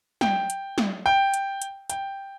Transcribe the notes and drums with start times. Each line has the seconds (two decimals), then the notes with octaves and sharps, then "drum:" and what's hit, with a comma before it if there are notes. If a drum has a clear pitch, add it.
0.21 G5, drum: snare
0.50 drum: hi-hat
0.78 drum: snare
1.06 G5
1.34 drum: hi-hat
1.62 drum: hi-hat
1.90 G5, drum: hi-hat